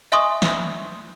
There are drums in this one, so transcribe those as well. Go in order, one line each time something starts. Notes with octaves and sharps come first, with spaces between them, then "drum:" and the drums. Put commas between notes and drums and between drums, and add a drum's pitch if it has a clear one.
D#5 E5 G#5 C6 C#6 D#6
drum: snare